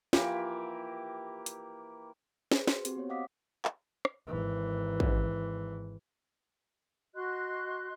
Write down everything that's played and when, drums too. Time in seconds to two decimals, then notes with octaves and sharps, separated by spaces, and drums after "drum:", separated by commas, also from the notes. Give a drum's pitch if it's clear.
0.13 E3 A#3 F4 G4, drum: snare
1.46 drum: hi-hat
2.52 G#4 B4 C5, drum: snare
2.68 F#4 C6, drum: snare
2.85 C4 F#4 G4, drum: hi-hat
2.97 B3 C5 C#5
3.09 D#5 F5 F#5 D6 D#6 B6
3.65 drum: clap
4.05 drum: rim click
4.27 G#1 E3
5.00 drum: kick A1
7.14 F#4 D#5 C6 F#6